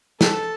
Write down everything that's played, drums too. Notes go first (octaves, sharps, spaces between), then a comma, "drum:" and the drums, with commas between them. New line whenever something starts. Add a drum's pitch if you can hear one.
A4 A5, drum: snare